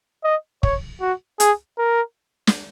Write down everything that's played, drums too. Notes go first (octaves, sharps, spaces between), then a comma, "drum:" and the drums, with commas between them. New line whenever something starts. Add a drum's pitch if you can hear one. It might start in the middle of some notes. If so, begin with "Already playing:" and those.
D#5
C#5, drum: kick
F#4
G#4, drum: hi-hat
A#4
drum: snare